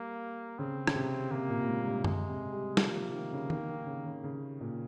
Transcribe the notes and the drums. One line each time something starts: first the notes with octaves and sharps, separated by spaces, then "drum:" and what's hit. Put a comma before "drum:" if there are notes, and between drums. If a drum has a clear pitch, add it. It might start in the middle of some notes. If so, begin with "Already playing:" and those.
Already playing: G3 A#3
C#3 C4
C#3, drum: rim click
C3
C3 A#3
A#2
A#2
G#2
G#2
G2
G#3, drum: tom F#2
C3
G3
F3 A#3, drum: snare
F3
D#3
C#3
D#3, drum: tom D#3
D#3
C#3
C#3
C#3
A#2